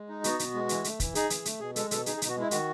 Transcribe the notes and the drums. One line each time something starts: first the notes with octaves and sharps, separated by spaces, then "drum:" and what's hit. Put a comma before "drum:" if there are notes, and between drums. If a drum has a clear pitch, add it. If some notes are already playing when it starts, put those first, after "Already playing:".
Already playing: G#3
D#4
B3 F#4, drum: hi-hat
B2, drum: hi-hat
G#3
E3, drum: hi-hat
A3, drum: hi-hat
E3, drum: kick, hi-hat
D#4 G#4, drum: hi-hat
E3, drum: hi-hat
A3, drum: hi-hat
B2 G#4
G#3 A4, drum: hi-hat
B2 A4, drum: hi-hat
D#4 G#4, drum: hi-hat
G#4
B2, drum: hi-hat
F#4
G#3 E4
D#3 F#4, drum: hi-hat